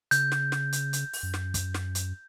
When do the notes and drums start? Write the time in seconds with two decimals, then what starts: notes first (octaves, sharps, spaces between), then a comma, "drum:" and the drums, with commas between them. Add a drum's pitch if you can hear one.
0.11 C#3 G6, drum: hi-hat
0.32 drum: snare
0.52 drum: snare
0.72 drum: hi-hat
0.93 drum: hi-hat
1.13 drum: open hi-hat
1.23 F#2
1.34 drum: snare
1.54 drum: kick, hi-hat
1.74 drum: snare
1.95 drum: hi-hat